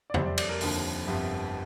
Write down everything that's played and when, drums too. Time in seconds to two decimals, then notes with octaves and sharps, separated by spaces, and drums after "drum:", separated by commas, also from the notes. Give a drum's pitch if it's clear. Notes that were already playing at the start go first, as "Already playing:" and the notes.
0.10 D5
0.14 F2 C3 G3 C5, drum: tom E2
0.26 D5
0.38 D5, drum: cymbal
0.49 A#4
0.61 F1 D#2 D3 F3, drum: open hi-hat
1.07 G1 F2 C3 F3